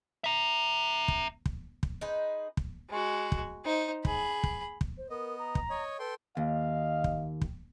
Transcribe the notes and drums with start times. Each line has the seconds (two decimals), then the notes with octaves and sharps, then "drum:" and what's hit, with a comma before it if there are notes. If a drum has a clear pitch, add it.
0.24 E5 A#5
1.08 drum: kick
1.46 drum: kick
1.83 drum: kick
2.01 D#4 G#4 B4 C5
2.57 drum: kick
2.89 G#3 F#4
3.32 drum: kick
3.65 D#4 C5
4.05 G#4 B5, drum: kick
4.44 drum: kick
4.81 drum: kick
4.97 C5
5.10 B3 A#4 D#5
5.39 A#5
5.55 drum: kick
5.70 C#5 D#5
5.99 A4 B4 G5 C6
6.37 D#2 D#5 F5
7.04 drum: kick
7.42 drum: kick